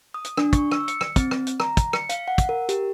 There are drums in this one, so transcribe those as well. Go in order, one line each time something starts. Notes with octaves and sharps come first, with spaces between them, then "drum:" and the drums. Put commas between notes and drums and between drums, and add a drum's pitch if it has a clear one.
D#6
drum: hi-hat
D4, drum: rim click
C#6, drum: kick, hi-hat
E6, drum: rim click
C#7, drum: hi-hat
drum: rim click
C4, drum: kick, hi-hat
drum: rim click
drum: hi-hat
A#5, drum: rim click
drum: kick, hi-hat
C#7, drum: rim click
F5, drum: hi-hat
F#5
drum: kick, hi-hat
A#4
G4, drum: hi-hat